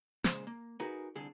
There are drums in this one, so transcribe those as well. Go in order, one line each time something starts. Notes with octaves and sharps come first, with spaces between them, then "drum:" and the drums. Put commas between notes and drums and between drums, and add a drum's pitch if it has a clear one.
A#2 C#3 G#3 C5, drum: snare
A#3
D#4 F#4 G#4 A#4 B4
C2 D3 G#4 A4